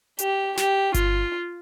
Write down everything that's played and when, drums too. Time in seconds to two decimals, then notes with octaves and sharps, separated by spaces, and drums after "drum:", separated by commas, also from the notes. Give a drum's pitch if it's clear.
0.19 G4, drum: hi-hat
0.57 G4, drum: snare
0.94 F4, drum: kick G1, hi-hat